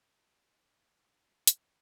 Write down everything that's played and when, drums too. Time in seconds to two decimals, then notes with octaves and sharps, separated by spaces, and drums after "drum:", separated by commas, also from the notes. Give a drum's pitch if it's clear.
0.23 D#4
0.48 D#4
0.73 D#4
0.98 D#3
1.23 F#3
1.47 C#4, drum: hi-hat